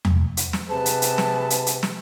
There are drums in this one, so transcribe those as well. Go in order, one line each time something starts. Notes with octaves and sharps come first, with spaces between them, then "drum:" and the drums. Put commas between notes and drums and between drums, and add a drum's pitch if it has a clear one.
drum: tom E2
drum: hi-hat
drum: snare
C3 G#4 B4 A5
drum: hi-hat
drum: hi-hat
drum: snare
drum: hi-hat
drum: hi-hat
drum: snare